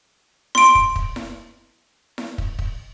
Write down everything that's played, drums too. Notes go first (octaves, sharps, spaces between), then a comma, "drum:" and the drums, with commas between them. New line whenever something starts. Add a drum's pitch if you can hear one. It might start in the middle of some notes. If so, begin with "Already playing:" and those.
C6 D7, drum: snare E4
drum: kick
drum: kick
drum: snare E4
drum: snare E4
drum: kick
drum: kick